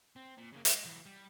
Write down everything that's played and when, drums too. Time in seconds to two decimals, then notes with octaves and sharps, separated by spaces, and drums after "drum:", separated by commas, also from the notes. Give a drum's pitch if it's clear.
0.16 C4
0.38 A#2
0.52 C#3 A#3
0.65 G#3, drum: hi-hat
0.85 E3 F#3
1.05 G3